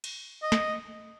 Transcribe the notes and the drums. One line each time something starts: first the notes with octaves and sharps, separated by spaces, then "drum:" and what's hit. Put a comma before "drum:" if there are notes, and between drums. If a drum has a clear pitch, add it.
drum: cymbal
D#5
drum: snare